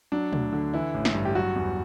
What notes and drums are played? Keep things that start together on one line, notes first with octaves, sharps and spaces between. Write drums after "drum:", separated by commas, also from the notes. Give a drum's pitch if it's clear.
F#3 D4
D2, drum: tom
D3
E3 E4
A1
drum: snare
G2
G4
F#3 F#4
E2